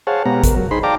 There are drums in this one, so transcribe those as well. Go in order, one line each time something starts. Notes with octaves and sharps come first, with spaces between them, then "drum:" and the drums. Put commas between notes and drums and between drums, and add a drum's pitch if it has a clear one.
G#4 C5 C#5 F5 F#5 A5
B2 G#3 B3 G4 F#5 A#5
A#4, drum: kick A1, hi-hat
F#3
D#4 G#4 C5 B5 C6
D5 F5 G5 A5 A#5 D6